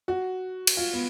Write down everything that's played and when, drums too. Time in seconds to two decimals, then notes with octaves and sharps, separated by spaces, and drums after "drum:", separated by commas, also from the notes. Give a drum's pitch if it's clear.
0.08 F#4
0.67 drum: cymbal
0.77 F4
0.93 B3